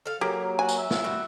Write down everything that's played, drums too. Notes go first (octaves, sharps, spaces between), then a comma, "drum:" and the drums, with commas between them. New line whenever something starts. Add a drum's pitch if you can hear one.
A4 F5
F#3 A#3 G4 G#4
F#4 G#5
drum: tambourine
E5
drum: snare
G3 F#4